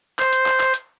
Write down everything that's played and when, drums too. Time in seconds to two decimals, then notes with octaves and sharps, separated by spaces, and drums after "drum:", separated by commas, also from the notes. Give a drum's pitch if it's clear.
0.19 C5, drum: clap
0.33 drum: hi-hat
0.46 drum: clap
0.60 drum: clap
0.74 drum: hi-hat